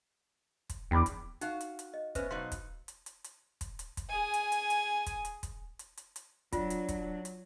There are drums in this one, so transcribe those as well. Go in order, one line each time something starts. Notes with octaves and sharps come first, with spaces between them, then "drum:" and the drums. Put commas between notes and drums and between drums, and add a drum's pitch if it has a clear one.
drum: kick, hi-hat
E2 G5 B5 D6
drum: kick, hi-hat
D#4 F#4 F5, drum: hi-hat
drum: hi-hat
drum: hi-hat
D#5
B3 C#4 B4 C5 E5, drum: kick, hi-hat
B2 F#3 D#4 F5 C6
drum: kick, hi-hat
drum: hi-hat
drum: hi-hat
drum: hi-hat
drum: kick, hi-hat
drum: hi-hat
drum: kick, hi-hat
G#4 G#5
drum: hi-hat
drum: hi-hat
drum: hi-hat
drum: kick, hi-hat
drum: hi-hat
drum: kick, hi-hat
drum: hi-hat
drum: hi-hat
drum: hi-hat
F#3 D4 F4, drum: kick, hi-hat
drum: hi-hat
drum: kick, hi-hat
drum: hi-hat